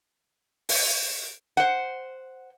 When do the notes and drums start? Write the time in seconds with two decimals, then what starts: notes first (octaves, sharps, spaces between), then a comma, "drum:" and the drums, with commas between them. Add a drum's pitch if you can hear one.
0.69 drum: open hi-hat
1.57 C5 F#5